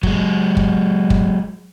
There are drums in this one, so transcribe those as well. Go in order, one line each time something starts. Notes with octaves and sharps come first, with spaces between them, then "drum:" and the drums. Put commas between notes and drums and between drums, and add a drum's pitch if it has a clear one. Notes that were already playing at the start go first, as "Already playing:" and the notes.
F#3 G#3, drum: kick
drum: kick
drum: kick